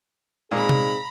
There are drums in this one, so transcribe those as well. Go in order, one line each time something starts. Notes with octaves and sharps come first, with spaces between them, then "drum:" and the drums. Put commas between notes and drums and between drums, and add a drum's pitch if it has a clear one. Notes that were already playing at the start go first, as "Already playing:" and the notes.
A#2 G#3 C4 D#4 G#4 A#5 B5
drum: tom C3